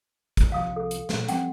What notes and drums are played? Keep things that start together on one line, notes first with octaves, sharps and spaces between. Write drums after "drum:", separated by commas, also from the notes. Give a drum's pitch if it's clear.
drum: kick, hi-hat
C2 F3 F5 D#6
A4
drum: hi-hat
A#2 A3, drum: snare
F3 G3 C4 F#5 G5, drum: hi-hat